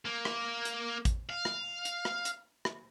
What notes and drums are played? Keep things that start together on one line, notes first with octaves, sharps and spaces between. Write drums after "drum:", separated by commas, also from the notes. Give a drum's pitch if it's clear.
A#3
drum: rim click
drum: hi-hat
drum: kick A1, hi-hat
F5
drum: rim click
drum: hi-hat
drum: rim click
drum: hi-hat
drum: rim click